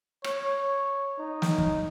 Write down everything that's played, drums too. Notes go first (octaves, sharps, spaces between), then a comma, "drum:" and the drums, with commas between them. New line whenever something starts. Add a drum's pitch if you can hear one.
C#5, drum: rim click
D#4
drum: snare
drum: kick